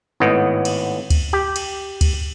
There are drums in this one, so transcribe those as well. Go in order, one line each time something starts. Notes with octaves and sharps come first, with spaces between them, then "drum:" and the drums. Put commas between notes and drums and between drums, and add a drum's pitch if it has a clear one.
G#1 A2 B3 D#5
drum: cymbal
drum: kick, cymbal
G4
drum: cymbal
drum: kick, cymbal